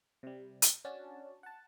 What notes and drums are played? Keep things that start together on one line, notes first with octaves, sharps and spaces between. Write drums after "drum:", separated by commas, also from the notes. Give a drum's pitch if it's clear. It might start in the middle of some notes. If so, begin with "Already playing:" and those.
C3 G3
drum: hi-hat
C#4 D4 F#4 A5
F#5 A5